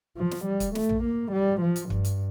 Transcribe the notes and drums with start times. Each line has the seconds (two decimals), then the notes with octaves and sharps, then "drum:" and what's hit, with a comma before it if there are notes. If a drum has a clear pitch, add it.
0.17 F3
0.31 drum: snare
0.45 G3
0.60 drum: kick, hi-hat
0.75 A3, drum: snare
0.89 drum: tom A#1
1.04 A#3
1.32 G3
1.61 F3
1.76 drum: hi-hat
1.90 G2, drum: kick
2.05 drum: hi-hat